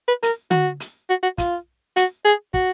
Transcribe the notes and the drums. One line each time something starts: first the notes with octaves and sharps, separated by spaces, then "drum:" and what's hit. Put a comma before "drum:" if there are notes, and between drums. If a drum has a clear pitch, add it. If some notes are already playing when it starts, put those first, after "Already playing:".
B4
A#4, drum: hi-hat
F#4, drum: tom D3
drum: hi-hat
F#4
F#4
F4, drum: kick, hi-hat
F#4, drum: hi-hat
G#4
F#4, drum: kick